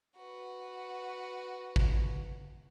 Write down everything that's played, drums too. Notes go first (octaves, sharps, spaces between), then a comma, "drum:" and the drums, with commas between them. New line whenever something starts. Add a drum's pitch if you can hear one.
F#4 B4
drum: kick G#1